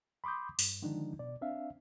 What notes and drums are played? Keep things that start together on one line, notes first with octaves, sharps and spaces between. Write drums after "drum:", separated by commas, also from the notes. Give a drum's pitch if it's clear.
B5 C6 D6 D#6 G6
G2, drum: open hi-hat
D3 D#3 F3 G#3 D4 D#4
B2 D5
C4 D4 E5 F5